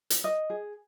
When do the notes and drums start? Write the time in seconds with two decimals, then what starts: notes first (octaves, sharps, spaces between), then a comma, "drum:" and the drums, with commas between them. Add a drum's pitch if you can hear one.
0.10 drum: hi-hat
0.24 D#5
0.50 G#4